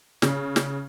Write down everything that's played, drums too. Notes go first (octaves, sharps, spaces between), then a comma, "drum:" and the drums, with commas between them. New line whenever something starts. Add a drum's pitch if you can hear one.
C#3, drum: snare
drum: snare